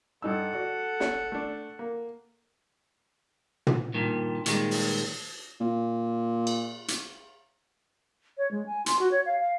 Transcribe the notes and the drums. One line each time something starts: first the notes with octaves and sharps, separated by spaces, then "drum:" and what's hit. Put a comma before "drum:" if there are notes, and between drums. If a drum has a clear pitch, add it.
G2 D#4 A4 F#5 E6
F#4 D5
C#5, drum: snare
A3 D4
A#3
drum: tom
G2 A#2 D#3
A#2 D#3 G3 G#3, drum: hi-hat
drum: open hi-hat
A#2
drum: cymbal
drum: hi-hat
C#5
G#3
G#5
C6, drum: hi-hat
F#4
C#5
F5
F5